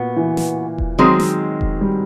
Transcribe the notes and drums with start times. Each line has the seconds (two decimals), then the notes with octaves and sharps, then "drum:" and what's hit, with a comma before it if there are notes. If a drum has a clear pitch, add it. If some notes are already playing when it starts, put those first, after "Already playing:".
Already playing: A#2 B3 F#4
0.17 E3
0.37 drum: snare
0.78 drum: kick E1
0.99 D#3 F#3 G#3 C4
1.20 drum: snare
1.61 drum: kick E1
1.81 G3